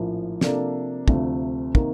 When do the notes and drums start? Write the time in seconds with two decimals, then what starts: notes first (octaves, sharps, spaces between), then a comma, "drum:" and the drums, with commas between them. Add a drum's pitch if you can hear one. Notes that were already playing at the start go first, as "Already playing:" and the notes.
Already playing: A#1 A2 F3 A#3
0.41 C3 F3 A#3 D4 A4, drum: snare
1.08 D2 C3 F3 A3, drum: kick
1.75 C3 D#3 A#3, drum: kick